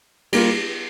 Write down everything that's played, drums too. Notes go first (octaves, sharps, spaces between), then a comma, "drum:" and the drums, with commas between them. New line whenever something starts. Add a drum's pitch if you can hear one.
G3 A#3 F4, drum: cymbal